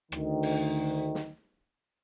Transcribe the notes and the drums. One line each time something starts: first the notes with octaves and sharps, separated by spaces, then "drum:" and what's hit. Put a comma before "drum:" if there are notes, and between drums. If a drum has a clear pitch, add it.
D2 D#3, drum: rim click
drum: open hi-hat
drum: snare